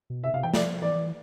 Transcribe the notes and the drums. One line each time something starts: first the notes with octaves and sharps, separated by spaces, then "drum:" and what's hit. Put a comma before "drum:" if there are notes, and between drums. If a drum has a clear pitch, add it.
B2
C3 E5
C3 F5
E3 G5
F3 D5, drum: snare
E3 D5